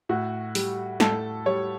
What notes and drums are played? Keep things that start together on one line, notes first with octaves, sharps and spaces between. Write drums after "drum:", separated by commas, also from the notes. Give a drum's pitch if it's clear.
A2 F#4
G3, drum: open hi-hat
A2 A4, drum: snare
G3 C#5